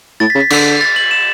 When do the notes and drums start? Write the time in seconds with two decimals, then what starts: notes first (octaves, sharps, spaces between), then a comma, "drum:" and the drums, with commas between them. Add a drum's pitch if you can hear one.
0.20 A2 A6
0.30 B6
0.35 C#3
0.40 B6
0.50 D3, drum: cymbal
0.81 A6
0.96 F#7
1.11 E7